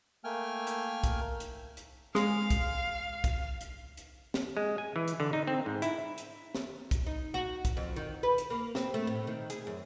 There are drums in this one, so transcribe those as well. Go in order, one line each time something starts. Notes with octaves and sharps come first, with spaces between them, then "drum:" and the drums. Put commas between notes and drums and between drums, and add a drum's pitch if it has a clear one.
A3 A#3 G5 G#5 F6
drum: hi-hat
drum: kick, hi-hat
drum: hi-hat
drum: hi-hat
G#3 F5, drum: snare
drum: kick, hi-hat
drum: kick, hi-hat
drum: hi-hat
drum: hi-hat
drum: snare
G#3
G#5
E3
drum: hi-hat
D3
D#4
C4
G#2
E4, drum: hi-hat
drum: hi-hat
drum: snare
drum: kick, hi-hat
D#4
F#4
drum: kick, hi-hat
F2
D#3
B4
drum: hi-hat
A#3
C4, drum: snare
A3
A2
D#3
G#4, drum: hi-hat
F#2